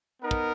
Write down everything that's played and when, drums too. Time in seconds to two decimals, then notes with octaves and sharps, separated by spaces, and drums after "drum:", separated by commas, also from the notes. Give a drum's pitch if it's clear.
0.22 B3 D#4 A#4
0.31 drum: kick